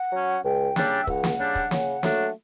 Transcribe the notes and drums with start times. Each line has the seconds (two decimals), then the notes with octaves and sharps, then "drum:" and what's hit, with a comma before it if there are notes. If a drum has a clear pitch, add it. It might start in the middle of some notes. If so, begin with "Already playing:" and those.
Already playing: F#5
0.12 F#3 C#4
0.44 C#2 G5
0.76 C#3 G3 D4, drum: snare
1.04 E5
1.07 C#2 F#5, drum: kick
1.24 drum: snare
1.40 C#3 G3 D4
1.55 drum: kick
1.71 C#3, drum: snare
2.03 F#3 A3 D4, drum: snare